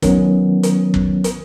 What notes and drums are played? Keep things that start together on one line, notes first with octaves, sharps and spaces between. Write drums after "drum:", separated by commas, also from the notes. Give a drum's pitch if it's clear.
D#3 F#3 B3 C#4, drum: kick, hi-hat
drum: hi-hat
drum: kick
drum: hi-hat